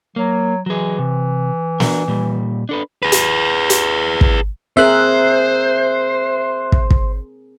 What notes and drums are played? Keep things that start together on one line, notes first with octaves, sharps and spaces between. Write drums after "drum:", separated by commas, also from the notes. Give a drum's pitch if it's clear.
F#3 A#3
E3 F#3 G#4
C3
D4 F#4 A#4, drum: snare
A#2 G3
D4 A4 B4
G#4 B4
drum: hi-hat
drum: hi-hat
drum: kick
C4 G#4 A#4 C5 E5 F#6
drum: kick
drum: kick